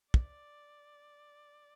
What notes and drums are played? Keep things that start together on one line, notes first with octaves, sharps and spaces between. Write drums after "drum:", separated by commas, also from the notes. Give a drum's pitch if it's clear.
D5, drum: kick